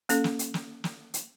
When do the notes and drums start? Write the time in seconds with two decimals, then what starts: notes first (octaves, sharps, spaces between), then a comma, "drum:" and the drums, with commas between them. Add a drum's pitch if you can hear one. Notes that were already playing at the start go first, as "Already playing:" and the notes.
0.09 A#3 C#4 A4, drum: hi-hat
0.24 drum: snare
0.39 drum: hi-hat
0.54 drum: snare
0.84 drum: snare
1.14 drum: hi-hat